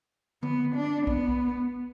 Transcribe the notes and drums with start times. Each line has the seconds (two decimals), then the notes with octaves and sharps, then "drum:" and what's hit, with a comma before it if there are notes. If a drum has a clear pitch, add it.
0.43 B3, drum: tom D3
0.75 D4
1.07 B3, drum: kick